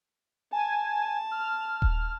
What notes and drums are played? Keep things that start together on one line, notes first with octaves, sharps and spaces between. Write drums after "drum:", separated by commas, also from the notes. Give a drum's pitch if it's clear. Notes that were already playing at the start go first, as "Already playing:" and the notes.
G#5 A5
F6
drum: kick D#1